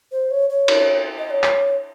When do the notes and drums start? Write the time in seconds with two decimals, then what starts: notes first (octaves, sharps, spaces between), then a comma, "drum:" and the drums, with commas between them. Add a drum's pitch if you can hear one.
0.12 C5
0.31 C#5
0.50 C#5
0.68 drum: cymbal
1.18 D#5
1.31 C#5
1.43 drum: clap